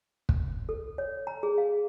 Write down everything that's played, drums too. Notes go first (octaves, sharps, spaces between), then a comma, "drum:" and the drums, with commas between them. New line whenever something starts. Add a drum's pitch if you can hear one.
drum: kick
A4
C#5
A#5
G#4
F5